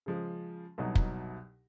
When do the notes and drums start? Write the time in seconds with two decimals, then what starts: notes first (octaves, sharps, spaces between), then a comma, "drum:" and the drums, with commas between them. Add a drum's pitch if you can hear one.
0.06 C#3 F3 G#3
0.78 C2 B2 F#3 B3 D#4
0.95 drum: kick